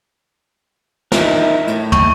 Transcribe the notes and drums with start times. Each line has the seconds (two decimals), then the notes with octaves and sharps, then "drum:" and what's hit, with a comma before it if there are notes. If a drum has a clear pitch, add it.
1.12 D#4 E4 A#4, drum: snare
1.67 A2, drum: hi-hat
1.92 C#6, drum: tom